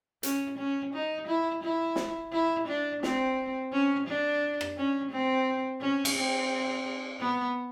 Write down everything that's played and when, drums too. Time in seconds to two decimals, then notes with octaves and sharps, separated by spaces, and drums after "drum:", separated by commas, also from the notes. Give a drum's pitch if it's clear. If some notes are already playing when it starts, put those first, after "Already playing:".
0.23 C#4, drum: hi-hat
0.58 C#4
0.94 D#4
1.28 E4
1.63 E4
1.96 drum: snare
2.32 E4
2.68 D4
3.03 C4, drum: snare
3.72 C#4
4.07 D4
4.61 drum: rim click
4.77 C#4
5.11 C4
5.81 C#4
6.05 drum: cymbal
6.16 C4
7.20 B3